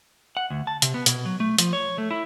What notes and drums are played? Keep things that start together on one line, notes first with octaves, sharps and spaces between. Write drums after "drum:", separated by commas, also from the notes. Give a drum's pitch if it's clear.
F#5
D2
A5
C3, drum: hi-hat
B3
B2, drum: hi-hat
F#3
A3
F3, drum: hi-hat
C#5
A3
E4